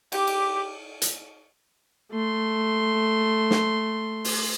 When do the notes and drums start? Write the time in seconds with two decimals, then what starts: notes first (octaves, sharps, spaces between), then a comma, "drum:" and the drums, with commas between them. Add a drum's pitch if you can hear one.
0.12 G4 D6, drum: cymbal
0.27 drum: cymbal
1.02 drum: hi-hat
2.11 A3 C6
3.51 drum: snare
4.24 drum: open hi-hat